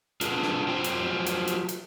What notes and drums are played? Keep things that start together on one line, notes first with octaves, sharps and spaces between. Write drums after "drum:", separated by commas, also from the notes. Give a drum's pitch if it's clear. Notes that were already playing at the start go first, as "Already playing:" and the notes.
D4 F4 G#4 B4, drum: hi-hat
drum: snare
F#3 F4 G4 C5 G5
drum: hi-hat
drum: hi-hat
drum: hi-hat
drum: hi-hat